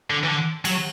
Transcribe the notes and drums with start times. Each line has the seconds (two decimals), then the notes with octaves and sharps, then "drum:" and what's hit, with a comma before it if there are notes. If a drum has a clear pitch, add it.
0.10 D3
0.24 E3
0.29 D3
0.65 F#3, drum: cymbal